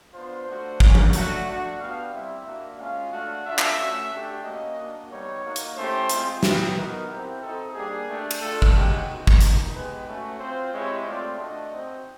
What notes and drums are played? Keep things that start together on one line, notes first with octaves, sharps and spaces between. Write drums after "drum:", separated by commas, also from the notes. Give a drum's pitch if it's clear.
B3 D4 F4 C5
A3 D4 F#4
G3 A#3 C#4, drum: kick
drum: tom F3
A3 D4 F#4, drum: hi-hat
A3 D4 F#4
B3 D4 G4 F5
G3 C4 E4 E5
A#3 D4 F#4
G#3 C#4 F4 F5
A3 D4 F#4
A3 D4 F4 E5
drum: clap
A3 C#4 F#4
A3 D4 G4
A#3 C#4 F#4 D#5
A#3 D4 F#4
G3 B3 D#4 C#5
A#3 D#4 F#4
drum: hi-hat
A3 C#4 E4 G4 C5
G#3 C4 F4, drum: hi-hat
B3 E4 G4 B4, drum: snare
B3 D#4 F#4 A#4
C4 E4 G4
C4 D#4 F#4 A4
G3 A#3 D4 G4 G#4
A3 D4 G4
drum: cymbal
A3 D4 F4 A4
drum: kick
G#3 C#4 F#4 G4
G#3 B3 D#4 F#4
drum: kick
G3 A#3 D#4, drum: hi-hat
G#3 B3 D#4 G4 B4
A3 C#4 F#4
C4 F4 C5
G#3 C4 E4 G4 C#5
A3 C4 F4 D5
A3 D4 F#4 D#5
C4 D#4 F#4